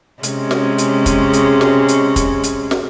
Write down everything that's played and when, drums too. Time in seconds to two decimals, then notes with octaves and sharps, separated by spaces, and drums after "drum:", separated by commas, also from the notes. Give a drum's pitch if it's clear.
0.23 C3 G#3 C#4, drum: hi-hat
0.51 drum: snare
0.78 drum: hi-hat
1.06 drum: kick, hi-hat
1.33 drum: hi-hat
1.61 drum: snare
1.88 drum: hi-hat
2.16 drum: kick, hi-hat
2.43 drum: hi-hat
2.71 drum: snare